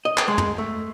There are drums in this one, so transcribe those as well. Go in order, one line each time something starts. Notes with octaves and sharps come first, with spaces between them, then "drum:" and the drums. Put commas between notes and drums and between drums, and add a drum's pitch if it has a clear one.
D#5
drum: clap
G#3
drum: tom
A3